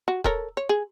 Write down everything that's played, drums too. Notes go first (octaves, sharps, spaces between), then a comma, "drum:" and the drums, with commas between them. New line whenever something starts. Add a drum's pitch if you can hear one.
F#4
A4 A#4 C#5, drum: kick D#1
C#5
G#4